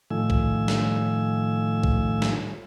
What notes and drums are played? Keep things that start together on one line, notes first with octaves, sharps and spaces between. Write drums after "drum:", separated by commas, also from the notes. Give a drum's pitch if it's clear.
A2 D#3 F3 A3 G#5 E6
drum: kick A#1
drum: snare
drum: kick A#1
drum: snare